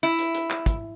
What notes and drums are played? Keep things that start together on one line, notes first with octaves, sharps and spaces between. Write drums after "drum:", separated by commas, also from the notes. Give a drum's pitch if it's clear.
E4
drum: hi-hat
drum: hi-hat
drum: clap
drum: kick, hi-hat